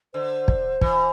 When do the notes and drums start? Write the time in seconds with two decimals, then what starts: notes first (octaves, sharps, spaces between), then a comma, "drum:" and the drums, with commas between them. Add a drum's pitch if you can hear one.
0.14 D3 C5
0.48 drum: kick
0.81 E3, drum: kick